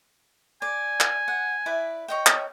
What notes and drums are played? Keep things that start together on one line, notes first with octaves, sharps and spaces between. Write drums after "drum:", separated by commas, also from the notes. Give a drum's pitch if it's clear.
D5 G#5
drum: clap
F#5
E4 B4 D5
C#5 D#5 G5
drum: clap